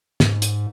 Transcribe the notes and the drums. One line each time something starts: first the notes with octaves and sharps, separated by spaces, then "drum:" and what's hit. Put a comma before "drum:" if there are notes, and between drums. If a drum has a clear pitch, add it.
G#2, drum: snare
drum: hi-hat